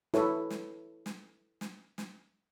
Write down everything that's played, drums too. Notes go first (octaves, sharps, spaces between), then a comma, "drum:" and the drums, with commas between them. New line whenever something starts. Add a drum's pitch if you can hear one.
E4 A4 B4 C#5 E5, drum: snare
drum: snare
drum: snare
drum: snare
drum: snare